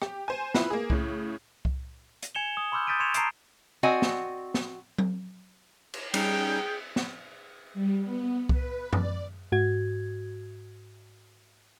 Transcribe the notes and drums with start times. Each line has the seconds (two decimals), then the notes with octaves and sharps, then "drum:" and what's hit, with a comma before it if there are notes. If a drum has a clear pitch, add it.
0.02 G4, drum: rim click
0.28 C5 G#5
0.54 E4 F4 B4, drum: snare
0.70 A#3 G#4
0.90 A2 C#3, drum: kick C2
1.65 drum: kick C2
2.22 drum: hi-hat
2.35 G#5 G#6 C#7 E7 F7 G7
2.57 D#6
2.72 B5 C6 D6 E6 F6 G6
2.87 D#6 G6 A6 B6 D7 D#7
3.00 C6 C#6 G#6 C#7 E7 F7
3.14 A5 A#5 D#6 C7 D7 E7, drum: hi-hat
3.83 C4 F#4 D5 D#5 F#5 G#5
4.02 drum: snare
4.54 drum: snare
4.98 drum: tom F#3
5.94 drum: cymbal
6.14 G3 C#4 D#4 G#4 G5, drum: cymbal
6.96 drum: snare
7.74 G3
8.04 B3
8.49 B4, drum: kick C2
8.93 D5, drum: tom F#2
9.52 G#2 F#4 G#6